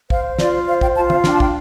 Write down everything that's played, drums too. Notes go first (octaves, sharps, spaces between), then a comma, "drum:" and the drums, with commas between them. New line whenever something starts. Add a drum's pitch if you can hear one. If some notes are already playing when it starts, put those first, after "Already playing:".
C5 F5, drum: kick
F4 D5, drum: snare
C5 F5
G5, drum: kick
F4 A5
F5, drum: tom
D4 G5, drum: snare
A5
G5, drum: kick